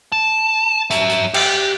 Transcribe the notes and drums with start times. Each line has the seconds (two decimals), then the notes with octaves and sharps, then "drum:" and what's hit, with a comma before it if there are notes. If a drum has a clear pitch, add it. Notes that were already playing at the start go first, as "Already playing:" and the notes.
0.12 A5
0.90 F#3 E5, drum: hi-hat
1.09 drum: hi-hat
1.34 G4, drum: cymbal